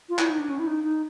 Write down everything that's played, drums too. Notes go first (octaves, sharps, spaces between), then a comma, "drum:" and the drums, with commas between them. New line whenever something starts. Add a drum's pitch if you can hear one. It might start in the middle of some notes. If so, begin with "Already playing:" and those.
F4
E4, drum: clap
D#4
D4
C#4
E4
D#4
D#4